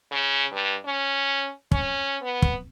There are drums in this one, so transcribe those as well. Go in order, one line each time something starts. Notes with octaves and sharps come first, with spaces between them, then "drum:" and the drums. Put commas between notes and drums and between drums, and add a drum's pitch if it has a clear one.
C#3
G2
C#4
C#4, drum: kick
B3
drum: kick